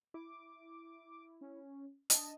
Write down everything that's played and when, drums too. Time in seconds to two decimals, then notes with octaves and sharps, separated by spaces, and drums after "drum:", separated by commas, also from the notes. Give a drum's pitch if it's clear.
0.14 E4 D6
1.41 C#4
2.10 D4 D#5 A5, drum: hi-hat